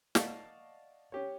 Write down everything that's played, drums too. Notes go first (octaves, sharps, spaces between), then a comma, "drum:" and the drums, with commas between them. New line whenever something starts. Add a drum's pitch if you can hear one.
D5 D#5 F5 F#5 A5 C#6, drum: snare
C#4 G4 C#5